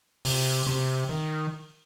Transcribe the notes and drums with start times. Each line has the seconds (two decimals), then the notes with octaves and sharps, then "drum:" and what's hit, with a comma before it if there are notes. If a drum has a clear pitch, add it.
0.25 C3, drum: open hi-hat
0.66 C3, drum: rim click
1.09 D#3